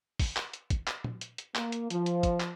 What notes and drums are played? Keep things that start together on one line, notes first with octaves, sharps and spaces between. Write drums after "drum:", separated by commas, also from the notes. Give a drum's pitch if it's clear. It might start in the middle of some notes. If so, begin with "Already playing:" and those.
drum: kick, open hi-hat
drum: clap
drum: hi-hat
drum: kick, hi-hat
drum: clap
drum: tom A#2
drum: hi-hat
drum: hi-hat
A#3, drum: clap
drum: hi-hat
F3, drum: hi-hat
drum: hi-hat
drum: kick, hi-hat
drum: clap